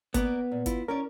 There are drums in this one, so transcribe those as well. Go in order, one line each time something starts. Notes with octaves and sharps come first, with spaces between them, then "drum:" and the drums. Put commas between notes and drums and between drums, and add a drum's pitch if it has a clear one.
A#3 B3 D5, drum: kick G#1, hi-hat
A#2
E4 F4, drum: kick G#1, hi-hat
C#4 A#4 C#5 D5